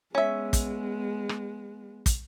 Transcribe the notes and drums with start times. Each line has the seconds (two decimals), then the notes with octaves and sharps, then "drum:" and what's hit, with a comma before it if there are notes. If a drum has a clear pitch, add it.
0.15 G#3 B3 C#4 E5
0.53 drum: kick, hi-hat
1.29 drum: rim click
2.06 drum: kick, hi-hat